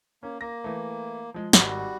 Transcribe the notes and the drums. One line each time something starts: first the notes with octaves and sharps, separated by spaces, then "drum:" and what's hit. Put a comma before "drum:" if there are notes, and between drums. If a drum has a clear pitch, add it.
A#3 C#4
A#3 A#6
E3 A3
F3 G#3
G#1 G3 F#4, drum: snare